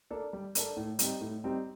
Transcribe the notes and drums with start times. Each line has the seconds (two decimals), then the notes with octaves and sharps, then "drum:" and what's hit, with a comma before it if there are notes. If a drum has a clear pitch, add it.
0.10 A#3 D4 A4
0.33 G3
0.55 A#3 D4 A4, drum: hi-hat
0.77 A2
0.99 G3 C4 D#4 G4, drum: hi-hat
1.21 A2
1.44 G3 C4 D#4 G4